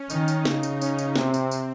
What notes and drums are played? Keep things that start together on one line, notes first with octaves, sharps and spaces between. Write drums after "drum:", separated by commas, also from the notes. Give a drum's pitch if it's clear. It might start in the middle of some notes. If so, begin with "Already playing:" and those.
Already playing: C#4
D#3 D#4, drum: tambourine
drum: tambourine
C#3, drum: snare
drum: tambourine
C#4, drum: tambourine
drum: tambourine
C3 C4, drum: snare
drum: tambourine
drum: tambourine